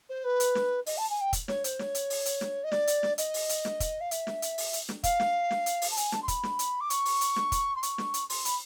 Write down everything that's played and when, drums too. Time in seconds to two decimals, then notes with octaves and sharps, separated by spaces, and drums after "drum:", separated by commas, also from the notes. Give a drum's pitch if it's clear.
0.09 C5
0.24 B4
0.40 drum: hi-hat
0.55 drum: snare
0.86 D#5, drum: open hi-hat
0.98 A5
1.10 G#5
1.21 G5
1.33 drum: kick, hi-hat
1.48 C#5, drum: snare
1.64 C5, drum: hi-hat
1.79 C#5, drum: snare
1.95 drum: hi-hat
2.10 drum: open hi-hat
2.26 drum: hi-hat
2.41 drum: snare
2.64 D#5
2.72 D5, drum: snare
2.87 drum: hi-hat
3.03 drum: snare
3.18 D#5, drum: hi-hat
3.34 drum: open hi-hat
3.49 drum: hi-hat
3.65 drum: snare
3.80 drum: kick, hi-hat
4.01 F5
4.11 E5, drum: hi-hat
4.27 drum: snare
4.42 drum: hi-hat
4.58 drum: open hi-hat
4.73 drum: hi-hat
4.89 drum: snare
5.04 F5, drum: kick, hi-hat
5.20 drum: snare
5.51 drum: snare
5.66 drum: hi-hat
5.82 drum: open hi-hat
5.91 A5
5.97 G#5, drum: hi-hat
6.12 A5, drum: snare
6.23 C6
6.28 B5, drum: kick, hi-hat
6.43 drum: snare
6.59 drum: hi-hat
6.81 D6
6.90 C#6, drum: hi-hat
7.05 drum: open hi-hat
7.21 drum: hi-hat
7.36 drum: snare
7.52 drum: kick, hi-hat
7.76 C6
7.83 C#6, drum: hi-hat
7.98 drum: snare
8.14 drum: hi-hat
8.30 C6, drum: open hi-hat
8.45 B5, drum: hi-hat